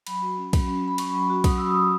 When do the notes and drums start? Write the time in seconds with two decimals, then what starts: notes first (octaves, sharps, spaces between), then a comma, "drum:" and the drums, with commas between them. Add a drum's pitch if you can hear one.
0.07 F#3 B5, drum: cymbal
0.22 F#4
0.38 C#4
0.53 F#3, drum: kick, cymbal
0.68 C#4
0.83 C#4 B5
0.98 C#4 C#6, drum: cymbal
1.13 F#3
1.30 F#4
1.44 F#3 D#6, drum: kick, cymbal
1.58 F#3 E6
1.71 D#6
1.75 F#4